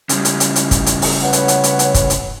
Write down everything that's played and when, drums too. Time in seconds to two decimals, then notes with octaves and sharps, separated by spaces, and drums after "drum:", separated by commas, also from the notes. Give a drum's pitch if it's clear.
0.09 C#3 G3, drum: hi-hat
0.25 drum: hi-hat
0.40 drum: hi-hat
0.56 drum: hi-hat
0.71 drum: kick, hi-hat
0.86 drum: hi-hat
1.02 drum: open hi-hat
1.21 B4 C#5 F#5
1.33 drum: hi-hat
1.48 drum: hi-hat
1.64 drum: hi-hat
1.79 drum: hi-hat
1.94 drum: kick, hi-hat
2.10 drum: hi-hat